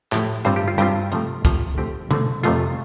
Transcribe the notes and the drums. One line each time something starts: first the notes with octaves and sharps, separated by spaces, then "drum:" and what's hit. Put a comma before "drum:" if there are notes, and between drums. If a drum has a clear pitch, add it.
A2 F3 A3 G4, drum: clap
G2 G3 C4 F4 C5, drum: hi-hat
G4
F4
G2 G3 C4 F4 G4, drum: hi-hat
C3 F3 A3, drum: hi-hat
C3 F3 A3 F4, drum: kick, hi-hat
D3 F3 A3 C4 G4
D3 F3 A3 C4, drum: tom B2
F2 C3 F3 A3 F4, drum: hi-hat